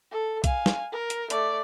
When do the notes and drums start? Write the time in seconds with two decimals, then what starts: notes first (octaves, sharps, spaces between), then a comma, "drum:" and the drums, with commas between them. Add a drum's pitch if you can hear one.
0.11 A4
0.44 F5 G#5, drum: kick B1, hi-hat
0.66 drum: snare
0.92 A#4
1.10 drum: hi-hat
1.30 A3 D5, drum: hi-hat